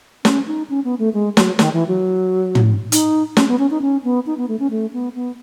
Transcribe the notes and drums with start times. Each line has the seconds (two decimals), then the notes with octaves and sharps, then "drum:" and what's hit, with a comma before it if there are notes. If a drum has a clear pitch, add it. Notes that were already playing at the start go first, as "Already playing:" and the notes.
0.25 C#4, drum: snare
0.47 D#4
0.70 C#4
0.84 B3
0.99 A3
1.14 G#3
1.37 F#3, drum: snare
1.59 D#3, drum: snare
1.73 E3
1.88 F#3
2.55 drum: tom
2.92 D#4, drum: hi-hat
3.37 C#4, drum: snare
3.48 B3
3.59 C#4
3.71 D#4
3.82 C#4
4.04 B3
4.26 D#4
4.38 B3
4.48 A3
4.60 C#4
4.71 A3
4.93 B3
5.15 B3